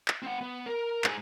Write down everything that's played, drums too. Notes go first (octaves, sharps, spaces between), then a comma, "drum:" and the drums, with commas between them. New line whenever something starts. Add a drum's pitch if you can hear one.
drum: clap
C4 F#5
B3
A#4
G#2 G#4, drum: clap